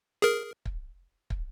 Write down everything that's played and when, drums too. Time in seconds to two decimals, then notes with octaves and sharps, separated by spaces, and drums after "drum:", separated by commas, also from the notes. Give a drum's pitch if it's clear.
0.22 G#4 A#4
0.66 drum: kick
1.30 drum: kick